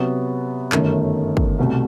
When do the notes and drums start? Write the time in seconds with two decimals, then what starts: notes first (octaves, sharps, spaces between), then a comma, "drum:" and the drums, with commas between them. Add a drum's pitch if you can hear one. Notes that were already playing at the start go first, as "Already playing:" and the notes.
Already playing: C3 F#3 B3 F#4
0.72 G1 F#2 D#3 A3, drum: clap
1.37 drum: kick
1.59 C2 B2 A3